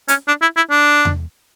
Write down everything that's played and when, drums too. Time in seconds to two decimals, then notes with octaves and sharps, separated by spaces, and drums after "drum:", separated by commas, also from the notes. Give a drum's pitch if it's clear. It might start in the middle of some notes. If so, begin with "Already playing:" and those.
0.08 C#4, drum: hi-hat
0.27 D4
0.41 E4
0.56 E4
0.70 D4
1.05 drum: tom E2